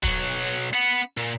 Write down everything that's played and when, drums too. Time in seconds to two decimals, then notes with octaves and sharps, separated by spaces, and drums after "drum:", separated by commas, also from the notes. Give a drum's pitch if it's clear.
0.03 B1 F#3, drum: kick
0.73 B3 F#5
1.17 A#2